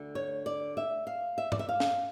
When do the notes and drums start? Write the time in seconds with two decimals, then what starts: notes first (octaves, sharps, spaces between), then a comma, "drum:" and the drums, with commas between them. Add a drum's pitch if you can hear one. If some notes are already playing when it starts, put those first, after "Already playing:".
Already playing: D2 D3
0.15 C#5
0.46 D5
0.77 E5
1.07 F5
1.38 E5
1.52 D5, drum: tom
1.59 E5
1.69 F5
1.80 drum: snare